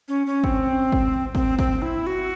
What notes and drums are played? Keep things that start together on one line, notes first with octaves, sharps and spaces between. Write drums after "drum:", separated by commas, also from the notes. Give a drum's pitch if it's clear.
C#4
C#4
C4, drum: kick
drum: kick
C4, drum: kick
C4, drum: kick
E4
F#4